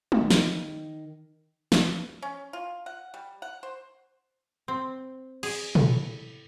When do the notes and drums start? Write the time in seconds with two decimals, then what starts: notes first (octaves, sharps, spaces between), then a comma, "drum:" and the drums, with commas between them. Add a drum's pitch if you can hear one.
0.12 drum: tom
0.21 D#3
0.30 drum: snare
1.72 B2, drum: snare
2.22 C#4
2.53 F4
2.86 F#5
3.14 G3
3.42 F#5
3.63 C5
4.68 C4
5.43 G#4, drum: cymbal
5.75 A2, drum: tom